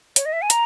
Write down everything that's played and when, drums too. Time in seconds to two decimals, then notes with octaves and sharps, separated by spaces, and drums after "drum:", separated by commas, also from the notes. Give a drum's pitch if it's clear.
0.16 C#5, drum: hi-hat
0.26 D#5
0.33 E5
0.42 G#5
0.50 A#5, drum: hi-hat